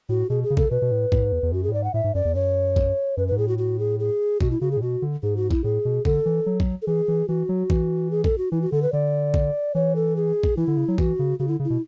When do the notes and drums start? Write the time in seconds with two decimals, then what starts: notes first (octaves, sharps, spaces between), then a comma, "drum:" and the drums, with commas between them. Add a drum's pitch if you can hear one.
0.09 A2 F#4
0.30 B2 G#4
0.43 G#4
0.50 C#3
0.57 A4, drum: kick A#1
0.71 B2 B4
0.82 B2
0.91 A2
1.12 A2, drum: kick A#1
1.22 G#2
1.32 E2
1.43 E2
1.52 F#2 F#4
1.64 A2 G#4
1.73 G#2 D5
1.84 F#5
1.94 A2 E5
2.04 G#2
2.15 F#2 D5
2.25 E2
2.35 F#2 C#5
2.76 drum: kick A#1
3.17 F#2 B4
3.28 G#2 B4
3.38 A2 G#4
3.48 F#4
3.58 F#4
3.79 G#4
4.00 G#4
4.41 B2 F#4, drum: kick A#1
4.51 E4
4.61 C#3 F#4
4.71 G#4
4.77 A2
4.82 B2 F#4
5.02 D3
5.23 G#2 G#4
5.37 F#4
5.51 E4, drum: kick A#1
5.64 A2 G#4
5.85 B2
6.05 D3 A4, drum: kick A#1
6.26 E3
6.46 F#3
6.60 drum: kick A#1
6.82 A4
6.87 E3 G#4
7.08 E3
7.28 E3 F#4
7.49 F#3
7.70 E3, drum: kick A#1
8.11 G#4
8.24 A4, drum: kick A#1
8.38 F#4
8.52 E3 E4
8.62 F#4
8.72 D3 A4
8.82 B4
8.93 D3 D5
9.34 drum: kick A#1
9.75 E3 C#5
9.96 A4
10.16 G#4
10.43 drum: kick A#1
10.57 E3 E4
10.67 D3
10.77 C#3
10.88 F#3
10.98 E3 F#4, drum: kick A#1
11.19 C#3
11.39 C#3 F#4
11.48 D3 E4
11.60 C#3
11.65 E4
11.70 B2